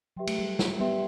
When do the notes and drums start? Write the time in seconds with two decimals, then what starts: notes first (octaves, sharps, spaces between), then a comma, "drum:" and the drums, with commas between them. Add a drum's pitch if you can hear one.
0.17 F#3 G4 B4 E5 G5 C6
0.27 A3, drum: cymbal
0.39 G3
0.59 G3, drum: snare
0.80 B3 G4 B4 E5 G5 C6